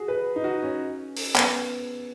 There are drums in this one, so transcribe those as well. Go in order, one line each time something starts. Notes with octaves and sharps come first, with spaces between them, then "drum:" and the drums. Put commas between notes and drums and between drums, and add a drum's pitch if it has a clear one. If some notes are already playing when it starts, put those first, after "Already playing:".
Already playing: F#4 G#4
B4
D#4
F#4
C#4
drum: open hi-hat
B3, drum: clap